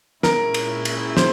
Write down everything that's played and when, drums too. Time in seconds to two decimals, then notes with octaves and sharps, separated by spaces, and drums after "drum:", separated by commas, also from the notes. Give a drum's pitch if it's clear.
0.23 A#2 G#3 C#4 E4 A#4, drum: snare
0.54 drum: cymbal
0.85 drum: cymbal
1.17 C5, drum: snare